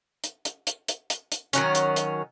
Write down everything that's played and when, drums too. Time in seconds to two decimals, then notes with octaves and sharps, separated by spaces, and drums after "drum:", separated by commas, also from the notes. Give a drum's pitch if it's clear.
0.24 drum: hi-hat
0.45 drum: hi-hat
0.67 drum: hi-hat
0.88 drum: hi-hat
1.10 drum: hi-hat
1.32 drum: hi-hat
1.53 D#3 F#3 C#4, drum: hi-hat
1.75 drum: hi-hat
1.96 drum: hi-hat